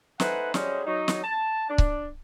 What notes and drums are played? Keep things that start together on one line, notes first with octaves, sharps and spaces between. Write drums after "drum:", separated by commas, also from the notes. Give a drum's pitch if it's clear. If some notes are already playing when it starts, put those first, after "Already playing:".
A3 D#4 B4 C5 F#5 G#5, drum: snare
F#3 G3 C#4 G#4 C5 D#5, drum: snare
F#3 D#4
drum: snare
A5
D4
drum: kick C#1